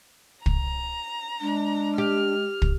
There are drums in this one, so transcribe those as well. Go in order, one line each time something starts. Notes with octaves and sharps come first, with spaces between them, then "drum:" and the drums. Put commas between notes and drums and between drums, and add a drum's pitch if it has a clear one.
A#5, drum: kick
G#3 D4
G4 F6
drum: kick